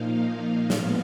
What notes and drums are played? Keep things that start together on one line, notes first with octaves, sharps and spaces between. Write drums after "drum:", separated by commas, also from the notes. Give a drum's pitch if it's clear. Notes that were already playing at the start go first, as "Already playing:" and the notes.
Already playing: A#2 F3 A#3 D#4 F5
A2 F3 G#3 B3, drum: snare